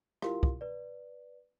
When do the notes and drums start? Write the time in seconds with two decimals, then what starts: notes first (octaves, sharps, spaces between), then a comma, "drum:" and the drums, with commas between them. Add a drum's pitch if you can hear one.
0.22 E4 F4 G4 A#4 F5 C6, drum: rim click
0.43 drum: kick
0.61 B4 D5